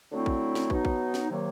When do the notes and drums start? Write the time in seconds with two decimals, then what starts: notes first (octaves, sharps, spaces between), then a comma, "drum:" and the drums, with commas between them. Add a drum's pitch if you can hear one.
0.12 D3 F#3 A3 C4 E4
0.26 drum: kick
0.55 drum: snare
0.70 B2 F#3 B3 D#4, drum: kick
0.85 drum: kick
1.14 drum: snare
1.29 C3 D#3 F#3 A#3